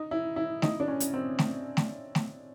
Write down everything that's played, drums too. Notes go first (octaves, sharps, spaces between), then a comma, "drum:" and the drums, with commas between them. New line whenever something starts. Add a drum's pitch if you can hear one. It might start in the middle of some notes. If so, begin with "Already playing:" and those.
Already playing: D#4
E4
E4
D#4, drum: snare
D4
C#4
drum: hi-hat
C4
drum: snare
drum: snare
drum: snare